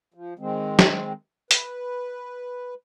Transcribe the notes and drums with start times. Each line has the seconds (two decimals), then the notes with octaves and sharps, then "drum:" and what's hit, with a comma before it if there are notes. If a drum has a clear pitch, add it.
0.14 F3
0.39 D#3 G#3 C4
0.79 drum: snare
1.51 B4, drum: hi-hat